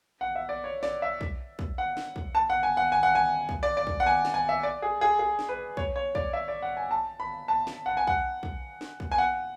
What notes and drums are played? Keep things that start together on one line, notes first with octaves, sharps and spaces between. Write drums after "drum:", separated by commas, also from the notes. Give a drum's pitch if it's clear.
F#5
E5
D5
C#5
D5, drum: snare
E5
drum: kick
drum: kick
F#5
drum: snare
drum: kick
A5
F#5
G#5
F#5
G#5
F#5
G#5
drum: kick
D5
D5
drum: kick
F#5
G#5
drum: snare
G#5
E5
D5
G#4
G#4
G#4
drum: snare
B4
C#5, drum: kick
C#5
D5, drum: kick
E5
D5
F#5
G#5
A5
B5
A5
drum: snare
F#5
G#5
F#5, drum: kick
drum: kick
drum: snare
drum: kick
G#5
F#5